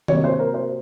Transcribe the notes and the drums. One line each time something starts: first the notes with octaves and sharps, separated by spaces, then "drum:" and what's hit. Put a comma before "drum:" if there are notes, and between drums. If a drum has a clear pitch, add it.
C3 F#3 A#3 C#5, drum: tom D#3
C5
A#4
C5